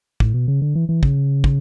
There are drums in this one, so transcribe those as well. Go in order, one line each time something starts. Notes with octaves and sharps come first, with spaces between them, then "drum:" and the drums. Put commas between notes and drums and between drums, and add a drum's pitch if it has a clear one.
A2, drum: kick
B2
C#3
D3
E3
E3
C#3, drum: kick
drum: kick